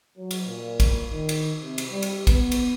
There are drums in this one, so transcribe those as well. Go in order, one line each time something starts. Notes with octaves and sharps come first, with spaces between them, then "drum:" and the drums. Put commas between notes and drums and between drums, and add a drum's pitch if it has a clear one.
F#3
drum: cymbal
A#2
drum: kick, cymbal
D#3
drum: cymbal
C3
drum: cymbal
G3
drum: cymbal
B3, drum: kick, cymbal
drum: cymbal